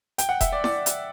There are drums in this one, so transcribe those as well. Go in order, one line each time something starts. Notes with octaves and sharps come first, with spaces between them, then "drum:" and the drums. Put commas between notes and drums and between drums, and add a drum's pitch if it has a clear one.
G5, drum: hi-hat
F#5
E5, drum: kick E1, hi-hat
D5
D5, drum: snare E4
drum: hi-hat